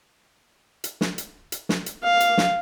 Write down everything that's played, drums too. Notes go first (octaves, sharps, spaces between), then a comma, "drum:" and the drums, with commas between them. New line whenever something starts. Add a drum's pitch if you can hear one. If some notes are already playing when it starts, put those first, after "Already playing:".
drum: hi-hat
drum: snare
drum: hi-hat
drum: hi-hat
drum: snare
drum: hi-hat
F5
drum: hi-hat
drum: snare